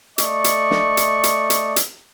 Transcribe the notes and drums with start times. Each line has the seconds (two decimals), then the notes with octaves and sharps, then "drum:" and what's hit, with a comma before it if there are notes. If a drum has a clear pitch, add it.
0.18 A3 D5 D#5 C#6, drum: hi-hat
0.44 drum: hi-hat
0.71 drum: snare
0.97 drum: hi-hat
1.23 drum: hi-hat
1.50 drum: hi-hat
1.76 drum: hi-hat